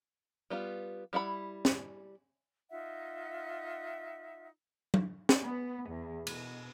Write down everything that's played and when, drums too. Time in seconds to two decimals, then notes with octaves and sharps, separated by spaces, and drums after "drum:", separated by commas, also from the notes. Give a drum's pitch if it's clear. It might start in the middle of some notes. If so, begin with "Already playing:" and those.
0.50 G3 B3 F4
1.13 G3 E4 F#5 B5
1.65 drum: snare
2.69 D#4 F4 E5 F#5
4.94 drum: tom F#3
5.29 drum: snare
5.41 B3
5.90 E2
6.27 B2, drum: cymbal